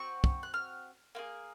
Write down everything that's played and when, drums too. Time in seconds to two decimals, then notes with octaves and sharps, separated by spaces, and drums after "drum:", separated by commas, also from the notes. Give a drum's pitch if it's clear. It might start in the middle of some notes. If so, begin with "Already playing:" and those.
Already playing: C4 F#4 C#6
0.24 drum: kick
0.43 F#6
0.54 F6
1.15 A#3 F4 G#4